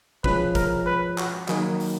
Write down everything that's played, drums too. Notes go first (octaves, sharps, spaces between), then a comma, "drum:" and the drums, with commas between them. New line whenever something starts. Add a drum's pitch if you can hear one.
F3 G#3 C#4 B4, drum: kick
A#4, drum: kick, hi-hat
B4
F#4, drum: clap
D#3 F#3 A#3 D#4 G#4, drum: clap
drum: open hi-hat